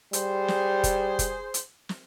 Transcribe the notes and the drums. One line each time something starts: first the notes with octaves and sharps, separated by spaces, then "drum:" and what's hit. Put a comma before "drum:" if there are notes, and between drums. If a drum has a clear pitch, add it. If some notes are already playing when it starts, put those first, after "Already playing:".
G3 G#4 C5, drum: hi-hat
drum: snare
drum: kick F1, hi-hat
drum: kick F1, hi-hat
drum: hi-hat
drum: snare